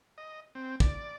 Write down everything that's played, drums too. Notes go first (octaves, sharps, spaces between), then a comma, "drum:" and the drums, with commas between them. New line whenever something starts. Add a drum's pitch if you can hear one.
D#5
C4
D5, drum: kick